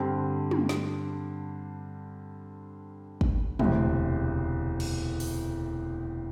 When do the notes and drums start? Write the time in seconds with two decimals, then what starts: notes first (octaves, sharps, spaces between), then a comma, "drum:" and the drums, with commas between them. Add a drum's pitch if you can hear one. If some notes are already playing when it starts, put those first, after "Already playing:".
Already playing: G2 D3 G3 C4
0.51 drum: tom
0.69 drum: snare
3.21 drum: kick
3.59 E1 D2 C3, drum: tom
4.80 drum: cymbal
5.20 drum: open hi-hat